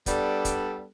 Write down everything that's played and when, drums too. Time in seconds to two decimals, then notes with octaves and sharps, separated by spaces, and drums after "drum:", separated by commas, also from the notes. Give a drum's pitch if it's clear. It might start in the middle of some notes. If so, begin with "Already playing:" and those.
0.06 G3 B3 D4 A4, drum: kick, hi-hat
0.45 drum: kick, hi-hat